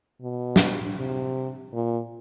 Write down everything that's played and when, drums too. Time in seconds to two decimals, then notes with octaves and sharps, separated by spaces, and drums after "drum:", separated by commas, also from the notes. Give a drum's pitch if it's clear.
0.22 B2
0.56 drum: snare
0.98 C3
1.73 A#2